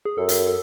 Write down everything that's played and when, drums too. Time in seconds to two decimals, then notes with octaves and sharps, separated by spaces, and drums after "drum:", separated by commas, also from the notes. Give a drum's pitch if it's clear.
0.05 G#4
0.17 F#2 A4
0.29 drum: hi-hat
0.47 A4